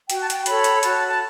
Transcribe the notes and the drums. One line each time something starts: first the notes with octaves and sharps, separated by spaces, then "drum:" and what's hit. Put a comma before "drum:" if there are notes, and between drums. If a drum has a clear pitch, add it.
F#4 G5, drum: hi-hat
A5
G5, drum: hi-hat
A4 C#5 B5, drum: hi-hat
drum: hi-hat
F#4 A5, drum: hi-hat
A5